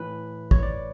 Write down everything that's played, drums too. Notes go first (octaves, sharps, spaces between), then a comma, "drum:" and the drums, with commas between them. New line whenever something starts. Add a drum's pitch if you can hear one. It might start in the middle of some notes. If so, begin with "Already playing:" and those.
Already playing: A2 E3 B4
C#5, drum: kick
D5